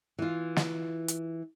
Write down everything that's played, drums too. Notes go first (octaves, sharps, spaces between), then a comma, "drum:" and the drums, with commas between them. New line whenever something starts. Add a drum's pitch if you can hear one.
E3 F4
drum: snare
drum: hi-hat